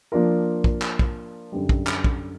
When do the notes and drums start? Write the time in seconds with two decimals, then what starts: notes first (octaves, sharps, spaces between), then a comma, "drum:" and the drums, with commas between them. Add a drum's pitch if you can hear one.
0.12 F3 A#3 D4 F4 A#4
0.64 drum: kick
0.82 drum: clap
0.99 drum: kick
1.52 F#2 D3 G3
1.69 drum: kick
1.87 drum: clap
2.04 drum: kick